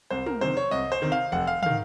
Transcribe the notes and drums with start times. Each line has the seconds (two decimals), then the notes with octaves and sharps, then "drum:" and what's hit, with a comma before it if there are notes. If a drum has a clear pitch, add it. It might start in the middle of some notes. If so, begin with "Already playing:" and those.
0.11 C2 C5
0.26 A#4, drum: tom
0.41 C3 D#3 C5
0.57 C#5
0.71 C2 D#5
0.92 C5
1.02 C3 D#3
1.12 F5
1.32 F1 F#5
1.47 F5
1.63 D#3 F5, drum: tom